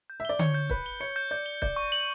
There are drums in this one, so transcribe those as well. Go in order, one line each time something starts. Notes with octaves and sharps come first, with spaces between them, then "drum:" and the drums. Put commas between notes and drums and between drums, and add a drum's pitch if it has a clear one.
G6
E5
D5 G7
C#5 C#7, drum: tom D3
G6
B4 G6, drum: kick C#1
G7
C#5 C#7
G6
D5 G6
G7
D5 G6, drum: kick C#1
C#6
F#7